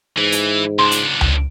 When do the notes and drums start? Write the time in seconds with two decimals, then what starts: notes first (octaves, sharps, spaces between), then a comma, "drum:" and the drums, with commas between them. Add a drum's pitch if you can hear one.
0.17 G#2 E3
0.32 drum: hi-hat
0.79 C#2 D4 C6
0.91 drum: hi-hat
1.21 drum: tom C#2